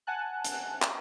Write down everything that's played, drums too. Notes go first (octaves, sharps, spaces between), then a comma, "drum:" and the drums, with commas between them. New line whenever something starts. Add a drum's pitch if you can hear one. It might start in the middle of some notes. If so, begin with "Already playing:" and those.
F#5 G#5 A5 F#6
drum: hi-hat
drum: clap